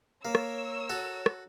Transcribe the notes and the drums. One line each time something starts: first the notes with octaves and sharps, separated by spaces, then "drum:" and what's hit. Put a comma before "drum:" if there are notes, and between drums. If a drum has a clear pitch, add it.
A#3 A#4 C#5 E6
drum: rim click
F#4 A4
drum: rim click